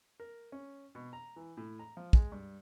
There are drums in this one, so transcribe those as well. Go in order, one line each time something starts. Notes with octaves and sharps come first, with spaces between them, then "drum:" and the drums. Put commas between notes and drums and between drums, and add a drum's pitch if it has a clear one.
A#4
C#4
B2
A#5
E3
A2
A#5
F3
G#3, drum: kick
G2